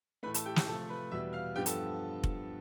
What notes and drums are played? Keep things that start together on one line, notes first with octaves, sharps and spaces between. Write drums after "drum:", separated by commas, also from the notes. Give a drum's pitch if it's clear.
A2 E3 A3 B4 B5
A4 A5, drum: hi-hat
G4 G5
G4 G5, drum: snare
C3 F3 A3 A4 A5
B4 B5
E2 B2 G3 B3 E5 E6
F5 F6
G2 F3 B3 G4 G5
A4 A5, drum: hi-hat
drum: kick F1